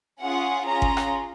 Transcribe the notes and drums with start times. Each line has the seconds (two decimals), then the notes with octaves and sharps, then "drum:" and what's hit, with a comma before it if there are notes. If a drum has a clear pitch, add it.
0.22 C#4 F4 G#4 F#5
0.66 C#4 F4 G#4 A#5
0.82 drum: kick G1
0.97 drum: rim click